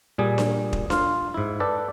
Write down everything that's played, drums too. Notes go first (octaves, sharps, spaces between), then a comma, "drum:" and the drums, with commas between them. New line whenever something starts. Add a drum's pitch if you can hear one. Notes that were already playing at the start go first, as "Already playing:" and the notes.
A#2 G3 G#4 G#5
drum: snare D4
drum: kick
F4 F5, drum: snare D4
G#2 E4
A4 B4 D5 G5